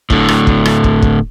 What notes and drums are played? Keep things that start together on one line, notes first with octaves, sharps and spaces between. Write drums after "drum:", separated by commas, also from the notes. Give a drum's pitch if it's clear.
A2 D3, drum: kick
drum: rim click
drum: kick
drum: rim click
drum: kick
drum: kick